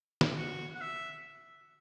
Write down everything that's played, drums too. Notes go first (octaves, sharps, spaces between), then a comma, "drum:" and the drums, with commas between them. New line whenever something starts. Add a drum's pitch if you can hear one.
drum: snare
F#4
F#5
E5